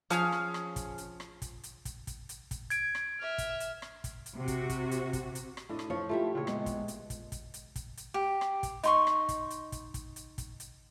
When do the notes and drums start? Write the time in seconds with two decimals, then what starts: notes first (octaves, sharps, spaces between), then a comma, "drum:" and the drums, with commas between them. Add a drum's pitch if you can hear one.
0.10 F3 C#4 G#4 F6, drum: hi-hat
0.32 drum: rim click
0.54 drum: rim click
0.76 drum: kick, hi-hat
0.98 drum: hi-hat
1.20 drum: rim click
1.42 drum: kick, hi-hat
1.63 drum: hi-hat
1.85 drum: kick, hi-hat
2.07 drum: kick, hi-hat
2.29 drum: hi-hat
2.51 drum: kick, hi-hat
2.70 G#6 D7, drum: hi-hat
2.95 drum: rim click
3.20 E5 F6
3.38 drum: kick, hi-hat
3.60 drum: hi-hat
3.82 drum: rim click
4.04 drum: kick, hi-hat
4.26 drum: hi-hat
4.36 C3 F#4
4.48 drum: kick, hi-hat
4.70 drum: kick, hi-hat
4.91 drum: hi-hat
5.13 drum: kick, hi-hat
5.35 drum: hi-hat
5.57 drum: rim click
5.69 A2 D4 D#5
5.79 drum: rim click
5.90 F3 C#5
6.09 A3 E4 F4 G4 E5
6.35 A#2 C#3 C4 C#5
6.47 G#3 B3, drum: rim click
6.66 drum: kick, hi-hat
6.88 drum: hi-hat
7.10 drum: kick, hi-hat
7.32 drum: kick, hi-hat
7.54 drum: hi-hat
7.76 drum: kick, hi-hat
7.97 drum: hi-hat
8.14 G4
8.41 drum: rim click
8.63 drum: kick, hi-hat
8.83 D#4 C6 C#6, drum: hi-hat
9.07 drum: rim click
9.29 drum: kick, hi-hat
9.50 drum: hi-hat
9.72 drum: kick, hi-hat
9.94 drum: kick, hi-hat
10.16 drum: hi-hat
10.38 drum: kick, hi-hat
10.60 drum: hi-hat